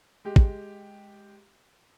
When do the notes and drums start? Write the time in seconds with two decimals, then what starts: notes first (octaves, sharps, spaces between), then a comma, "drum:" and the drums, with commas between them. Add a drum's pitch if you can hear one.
0.25 G#3 G4
0.36 drum: kick